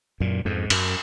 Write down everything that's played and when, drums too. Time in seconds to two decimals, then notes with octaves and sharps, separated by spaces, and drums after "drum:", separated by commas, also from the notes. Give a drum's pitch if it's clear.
0.20 F#2 A#2
0.45 F2 G#2
0.70 F#2, drum: cymbal